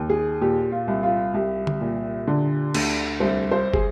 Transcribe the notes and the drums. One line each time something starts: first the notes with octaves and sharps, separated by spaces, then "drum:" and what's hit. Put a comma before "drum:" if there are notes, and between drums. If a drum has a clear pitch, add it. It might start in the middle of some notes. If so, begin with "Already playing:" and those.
Already playing: D#2
G#4
A#2 G4
F4
C2
F4
C2 G4
drum: tom D3
A#2
D3
D2, drum: cymbal
C2 C5
C5
G#4, drum: kick